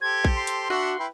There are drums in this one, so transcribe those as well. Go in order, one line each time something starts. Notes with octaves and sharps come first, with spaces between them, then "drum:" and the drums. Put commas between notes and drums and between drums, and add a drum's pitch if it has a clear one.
G4 A4 C5 G#6
drum: kick A#1
C6
drum: hi-hat
D4 F#4 E5 F#5
E4 B4 G5